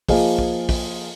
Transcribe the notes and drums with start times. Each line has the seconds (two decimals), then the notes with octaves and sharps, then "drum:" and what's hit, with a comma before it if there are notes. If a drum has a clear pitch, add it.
0.08 F3 A#3 F4 G#4 D#5, drum: kick, open hi-hat
0.38 drum: kick
0.69 drum: kick, open hi-hat